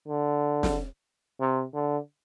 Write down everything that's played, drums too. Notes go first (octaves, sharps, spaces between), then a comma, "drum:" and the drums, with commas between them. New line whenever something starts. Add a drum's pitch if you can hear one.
D3
drum: snare
C3
D3